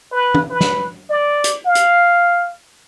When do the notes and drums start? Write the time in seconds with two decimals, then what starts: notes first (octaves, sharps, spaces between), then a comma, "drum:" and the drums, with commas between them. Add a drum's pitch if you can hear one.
0.12 B4
0.35 drum: tom E3
0.50 B4
0.61 drum: snare
1.10 D5
1.44 drum: hi-hat
1.66 F5
1.75 drum: hi-hat